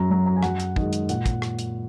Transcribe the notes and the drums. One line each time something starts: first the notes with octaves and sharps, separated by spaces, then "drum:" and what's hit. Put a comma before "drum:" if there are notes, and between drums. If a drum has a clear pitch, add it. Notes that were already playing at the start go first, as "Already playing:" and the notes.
Already playing: F#2 A#5
F#3 A#5
A#5
G#5
F#2 F#5, drum: rim click
drum: hi-hat
D#3 G#3 D#5, drum: kick
drum: hi-hat
A#2 F#5, drum: hi-hat
drum: kick, hi-hat
drum: rim click
drum: hi-hat